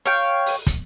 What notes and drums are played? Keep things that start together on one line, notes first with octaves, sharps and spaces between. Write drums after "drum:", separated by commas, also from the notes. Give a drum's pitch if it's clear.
C#5 F5 G5
drum: open hi-hat
drum: kick, hi-hat